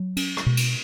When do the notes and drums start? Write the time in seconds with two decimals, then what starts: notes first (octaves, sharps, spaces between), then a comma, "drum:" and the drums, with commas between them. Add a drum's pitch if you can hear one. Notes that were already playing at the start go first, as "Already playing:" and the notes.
Already playing: F#3
0.17 C#4, drum: cymbal
0.37 drum: rim click
0.46 B2
0.57 drum: cymbal